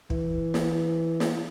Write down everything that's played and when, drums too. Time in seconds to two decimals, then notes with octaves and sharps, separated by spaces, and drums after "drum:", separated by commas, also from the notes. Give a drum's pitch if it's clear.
0.10 E3, drum: kick
0.54 drum: snare
1.20 drum: snare